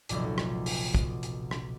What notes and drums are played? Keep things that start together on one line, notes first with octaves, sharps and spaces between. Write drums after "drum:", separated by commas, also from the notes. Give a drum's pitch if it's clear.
F1 B1 A#2, drum: hi-hat
drum: rim click
drum: open hi-hat
drum: kick, hi-hat
drum: hi-hat
drum: rim click